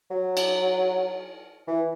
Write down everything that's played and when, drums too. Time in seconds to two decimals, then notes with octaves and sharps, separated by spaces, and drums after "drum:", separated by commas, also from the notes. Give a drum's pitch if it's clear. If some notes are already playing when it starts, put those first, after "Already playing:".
0.11 F#3
0.37 drum: cymbal
1.68 E3